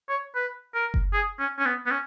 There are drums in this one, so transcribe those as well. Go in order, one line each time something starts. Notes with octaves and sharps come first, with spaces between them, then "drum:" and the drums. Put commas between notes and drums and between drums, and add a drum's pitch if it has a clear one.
C#5
B4
A#4
drum: kick F#1
G#4
C#4
C#4
B3
B3
C#4